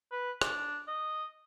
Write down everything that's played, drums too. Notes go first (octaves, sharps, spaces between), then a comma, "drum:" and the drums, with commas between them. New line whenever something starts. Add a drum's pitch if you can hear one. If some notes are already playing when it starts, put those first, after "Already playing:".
B4
D4, drum: rim click
D#5